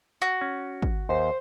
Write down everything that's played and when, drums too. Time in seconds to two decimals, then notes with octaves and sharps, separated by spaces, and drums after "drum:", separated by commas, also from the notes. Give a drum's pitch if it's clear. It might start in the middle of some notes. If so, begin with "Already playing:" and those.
0.22 F#4
0.41 C#4
0.82 drum: kick
1.09 D#2 C5